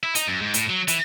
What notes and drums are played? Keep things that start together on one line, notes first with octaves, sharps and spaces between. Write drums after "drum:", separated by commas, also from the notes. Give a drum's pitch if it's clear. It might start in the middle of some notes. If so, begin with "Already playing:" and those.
E4
D#4, drum: hi-hat
F#2
G#2
A2, drum: hi-hat
F#3
E3, drum: hi-hat